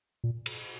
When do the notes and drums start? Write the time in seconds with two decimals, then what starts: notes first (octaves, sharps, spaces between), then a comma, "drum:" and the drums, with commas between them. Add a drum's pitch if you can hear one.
0.24 A#2
0.46 drum: cymbal